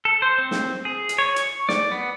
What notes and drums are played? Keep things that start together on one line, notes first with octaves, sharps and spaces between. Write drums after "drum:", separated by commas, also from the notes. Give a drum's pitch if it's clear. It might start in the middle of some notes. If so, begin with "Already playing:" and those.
A4
C5
C4
drum: snare
G#4
drum: hi-hat
C#5
C#6, drum: hi-hat
D5, drum: snare
B3